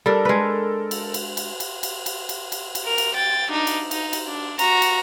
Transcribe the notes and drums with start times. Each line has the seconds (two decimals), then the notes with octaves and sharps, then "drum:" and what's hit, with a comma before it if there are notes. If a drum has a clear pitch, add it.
0.06 G3 D4 A4 A#4
0.25 G#3 B4
0.91 drum: cymbal
1.14 drum: cymbal
1.37 drum: cymbal
1.60 drum: cymbal
1.83 drum: cymbal
2.06 drum: cymbal
2.29 drum: cymbal
2.52 drum: cymbal
2.75 drum: cymbal
2.84 A#4 F7
2.98 drum: cymbal
3.15 G5 A6
3.50 D4 D#4
3.67 drum: cymbal
3.91 D#4, drum: cymbal
4.13 drum: cymbal
4.28 D4
4.59 F#4 A#5, drum: cymbal
4.82 drum: cymbal